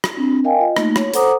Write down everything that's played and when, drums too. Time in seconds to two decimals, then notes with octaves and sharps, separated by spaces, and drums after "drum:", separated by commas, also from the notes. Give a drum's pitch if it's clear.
0.04 drum: rim click
0.17 C4 D4
0.44 A#4 D#5 F5 G5 G#5
0.59 F4 D#5
0.77 A3 A#3 D#4, drum: rim click
0.96 C#5, drum: rim click
1.14 A4 C5 F#5 A#5 D6 D#6, drum: hi-hat